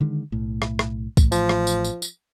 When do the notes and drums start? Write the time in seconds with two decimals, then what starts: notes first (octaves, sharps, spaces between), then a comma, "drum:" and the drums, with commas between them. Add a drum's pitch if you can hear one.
0.01 D3 D#3 G#3
0.32 B1 A2
0.62 drum: rim click
0.79 drum: rim click
1.17 A1 A2, drum: kick, tambourine
1.32 F3, drum: tambourine
1.49 drum: rim click
1.67 drum: tambourine
1.84 drum: tambourine
2.02 drum: tambourine